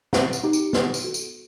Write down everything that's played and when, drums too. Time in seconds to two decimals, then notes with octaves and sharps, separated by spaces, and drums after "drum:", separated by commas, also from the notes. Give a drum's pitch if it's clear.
0.13 C4 F#5, drum: snare
0.33 drum: tambourine
0.43 D#4 G4
0.53 drum: tambourine
0.73 B3, drum: snare
0.94 drum: tambourine
1.04 F#4 A4
1.14 drum: tambourine